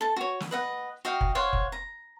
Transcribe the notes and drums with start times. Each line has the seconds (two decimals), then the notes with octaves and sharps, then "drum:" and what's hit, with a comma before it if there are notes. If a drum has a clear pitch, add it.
0.01 A4 A5
0.16 F#4 C#5
0.40 drum: snare
0.51 B4 D#5 F#5
1.05 F#4 D#5 F5 G5
1.21 drum: kick
1.35 C5 C#5 F5 F#5
1.53 drum: kick
1.72 A#5